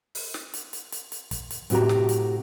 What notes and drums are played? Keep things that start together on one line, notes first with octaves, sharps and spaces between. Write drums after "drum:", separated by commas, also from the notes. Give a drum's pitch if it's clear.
drum: open hi-hat
drum: snare
drum: hi-hat
drum: hi-hat
drum: hi-hat
drum: hi-hat
drum: kick, hi-hat
drum: hi-hat
A2 C3 F#4 G4 A#5, drum: hi-hat
drum: snare
drum: hi-hat